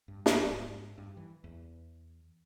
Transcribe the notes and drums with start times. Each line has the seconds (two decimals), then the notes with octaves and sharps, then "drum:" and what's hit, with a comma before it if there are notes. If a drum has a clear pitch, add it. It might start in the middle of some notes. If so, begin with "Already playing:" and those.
0.08 G2
0.26 G#2, drum: snare
0.47 G#2
0.98 G2
1.17 E3
1.44 E2